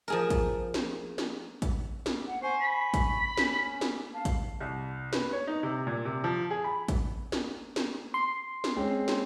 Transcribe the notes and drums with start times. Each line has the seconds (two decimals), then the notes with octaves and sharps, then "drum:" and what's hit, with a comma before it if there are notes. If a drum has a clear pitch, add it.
0.08 F3 G#4 A#4
0.30 drum: kick A1, hi-hat
0.74 drum: snare
1.18 drum: snare
1.62 drum: kick A1, hi-hat
2.06 drum: snare
2.27 F#5
2.43 C5 G#5 C#6
2.61 B5
2.94 drum: kick A1, hi-hat
3.37 C#4, drum: snare
3.81 drum: snare
4.13 F5 A5
4.25 drum: kick A1, hi-hat
4.60 C2
5.13 B4, drum: snare
5.32 C#5
5.47 D#4
5.63 C3
5.87 A#2
6.05 C3
6.24 F3
6.50 G#4
6.64 B5
6.88 drum: kick A1, hi-hat
7.32 drum: snare
7.76 drum: snare
8.14 C6
8.64 drum: snare
8.76 G#3 C4 C#4
9.08 drum: snare